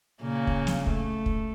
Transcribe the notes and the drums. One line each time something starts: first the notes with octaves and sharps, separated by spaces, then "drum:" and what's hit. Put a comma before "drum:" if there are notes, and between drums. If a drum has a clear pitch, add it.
A#2 C#3 A#3
drum: kick
drum: snare
A3, drum: kick
drum: kick